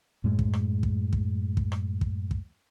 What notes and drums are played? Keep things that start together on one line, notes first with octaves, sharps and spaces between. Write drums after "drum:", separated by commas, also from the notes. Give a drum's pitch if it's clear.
F#2 A2 G#3
drum: kick
drum: rim click
drum: kick
drum: kick
drum: kick
drum: rim click
drum: kick
drum: kick